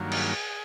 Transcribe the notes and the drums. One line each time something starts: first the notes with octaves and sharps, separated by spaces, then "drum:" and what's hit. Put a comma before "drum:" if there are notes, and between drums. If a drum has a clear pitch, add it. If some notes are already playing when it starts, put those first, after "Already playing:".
Already playing: G2 D#3 F#3 A#3
G#4, drum: cymbal